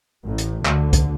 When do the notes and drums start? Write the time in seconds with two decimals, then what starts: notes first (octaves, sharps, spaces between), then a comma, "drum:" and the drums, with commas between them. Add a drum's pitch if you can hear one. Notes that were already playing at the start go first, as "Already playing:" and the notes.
0.25 A1 A2
0.38 drum: hi-hat
0.65 D2 D3, drum: clap
0.93 drum: kick, hi-hat